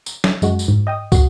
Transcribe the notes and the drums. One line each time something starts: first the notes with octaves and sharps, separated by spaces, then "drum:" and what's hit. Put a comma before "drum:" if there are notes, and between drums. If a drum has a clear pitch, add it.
drum: tambourine
drum: snare
F#2 G#3 F#4, drum: tambourine
drum: tambourine
G#2
D#5 G5 D#6
F#4 C7, drum: kick, tambourine